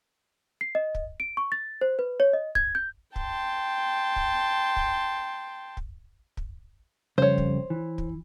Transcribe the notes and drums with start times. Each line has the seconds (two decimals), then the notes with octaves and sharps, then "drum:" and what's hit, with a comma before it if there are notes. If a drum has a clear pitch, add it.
0.61 C7
0.75 D#5
0.95 drum: kick
1.20 D7
1.37 C#6
1.52 A6
1.81 C5
1.99 B4
2.20 C#5
2.33 D#5
2.55 G#6, drum: kick
2.75 G6
3.16 G5 A5 C6, drum: kick
4.16 drum: kick
4.77 drum: kick
5.77 drum: kick
6.37 drum: kick
7.18 F2 C#3 G3 C5 C#5
7.38 drum: kick
7.70 E3
7.98 drum: kick